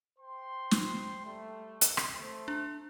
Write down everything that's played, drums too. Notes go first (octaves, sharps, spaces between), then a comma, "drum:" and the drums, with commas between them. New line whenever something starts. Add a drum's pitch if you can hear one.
C5 G5 C6
drum: snare
G3 A3
drum: hi-hat
drum: rim click
A3 C5
D4